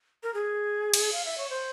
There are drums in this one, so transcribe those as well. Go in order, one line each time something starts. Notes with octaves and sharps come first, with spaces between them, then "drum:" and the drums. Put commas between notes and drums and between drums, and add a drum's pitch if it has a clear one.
A#4
G#4
drum: cymbal
F5
E5
C#5
C5